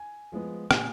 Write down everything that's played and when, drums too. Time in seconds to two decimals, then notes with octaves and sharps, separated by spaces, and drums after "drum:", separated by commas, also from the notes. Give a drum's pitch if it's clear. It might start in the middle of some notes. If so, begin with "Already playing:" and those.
Already playing: G#5
0.32 F3 G#3 B3
0.71 A#2 G#5, drum: rim click